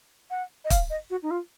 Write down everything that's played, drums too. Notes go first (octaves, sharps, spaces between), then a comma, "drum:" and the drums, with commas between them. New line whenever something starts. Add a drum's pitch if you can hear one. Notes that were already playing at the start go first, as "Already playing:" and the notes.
F#5
D#5
F5, drum: kick, hi-hat
D#5
F#4
D#4
F4